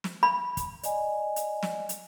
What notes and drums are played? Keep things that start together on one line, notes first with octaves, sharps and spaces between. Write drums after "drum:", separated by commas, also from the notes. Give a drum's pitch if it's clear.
drum: snare
B5
drum: kick, hi-hat
D5 D#5 G#5, drum: hi-hat
drum: hi-hat
drum: snare
drum: hi-hat